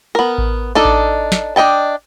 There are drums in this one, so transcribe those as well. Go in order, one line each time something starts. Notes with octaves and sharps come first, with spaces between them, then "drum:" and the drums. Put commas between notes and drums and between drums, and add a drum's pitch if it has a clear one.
B3 A#4
drum: kick A1
D4 D#4 A4
drum: kick A1
drum: snare
D4 D#5 G5 A5